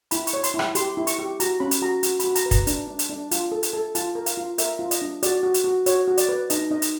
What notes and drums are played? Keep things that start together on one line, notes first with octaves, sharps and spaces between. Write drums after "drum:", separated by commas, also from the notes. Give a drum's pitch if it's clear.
E4 B5, drum: hi-hat
C#6, drum: hi-hat
C#5
C6, drum: hi-hat
E4
B5, drum: rim click
G4 C6, drum: hi-hat
E4
C#6, drum: hi-hat
G4
F#4 A#5, drum: hi-hat
C#4 B5
drum: hi-hat
F#4 A#5
F#4, drum: hi-hat
F#4 B5, drum: hi-hat
A#5, drum: hi-hat
B4
A#5, drum: kick, hi-hat
D4, drum: hi-hat
D4
drum: hi-hat
D4
F4, drum: hi-hat
A4
drum: hi-hat
A4
F4 A5, drum: hi-hat
A#4
F5, drum: hi-hat
F4
A#4 E5, drum: hi-hat
F4
D#5, drum: hi-hat
D4
F#4 D5, drum: hi-hat
F#4
drum: hi-hat
F#4
F#4 C#5, drum: hi-hat
F#4
D5, drum: hi-hat
B4
D#4 D#5, drum: hi-hat
D#4 D#5
drum: hi-hat